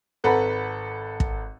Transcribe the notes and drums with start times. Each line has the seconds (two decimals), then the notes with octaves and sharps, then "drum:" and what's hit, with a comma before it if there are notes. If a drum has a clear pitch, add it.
0.24 G#1 A4 B4 F#5 A#5 B5
1.20 drum: kick